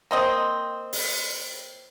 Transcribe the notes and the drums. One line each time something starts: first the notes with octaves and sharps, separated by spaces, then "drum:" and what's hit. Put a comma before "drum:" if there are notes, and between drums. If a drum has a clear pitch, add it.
A#3 C4 D#5
drum: open hi-hat